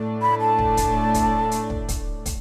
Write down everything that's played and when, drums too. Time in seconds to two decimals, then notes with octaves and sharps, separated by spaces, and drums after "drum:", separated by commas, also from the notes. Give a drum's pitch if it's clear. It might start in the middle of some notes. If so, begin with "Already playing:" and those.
Already playing: A2 A3 D4
0.22 B5
0.40 A5
0.59 drum: kick
0.77 drum: kick, hi-hat
1.14 drum: kick, hi-hat
1.51 drum: hi-hat
1.70 drum: kick
1.89 drum: kick, hi-hat
2.26 drum: kick, hi-hat